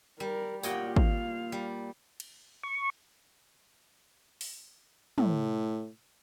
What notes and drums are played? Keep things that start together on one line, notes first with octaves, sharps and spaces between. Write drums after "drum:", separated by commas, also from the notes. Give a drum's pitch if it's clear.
G3 A#4
A#2 G4 C#5 D#5 F#5 G5, drum: tambourine
F5, drum: kick
G3
drum: cymbal
C#6
drum: open hi-hat
A2, drum: tom